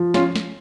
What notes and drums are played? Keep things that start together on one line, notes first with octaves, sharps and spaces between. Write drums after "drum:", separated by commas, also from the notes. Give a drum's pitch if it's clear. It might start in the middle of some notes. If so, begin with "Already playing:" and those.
Already playing: F3
C#4 F4, drum: snare
drum: snare